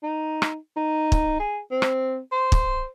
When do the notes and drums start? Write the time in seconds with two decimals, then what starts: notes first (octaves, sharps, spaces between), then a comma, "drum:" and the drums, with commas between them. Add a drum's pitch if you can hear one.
0.03 D#4
0.42 drum: rim click
0.77 D#4
1.12 drum: kick
1.40 G#4
1.71 C4
1.82 drum: rim click
2.32 C5
2.52 drum: kick